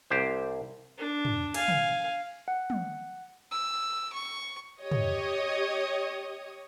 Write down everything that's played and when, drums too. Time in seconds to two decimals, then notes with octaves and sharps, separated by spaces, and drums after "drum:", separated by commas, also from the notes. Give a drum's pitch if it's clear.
0.10 C2 G4 C5
0.98 D4
1.25 drum: tom
1.54 F5 G#5, drum: cymbal
1.68 drum: tom
2.48 F#5
2.70 drum: tom
3.51 E6
4.13 C#6
4.81 G4 C#5 D#5 D#6
4.91 drum: tom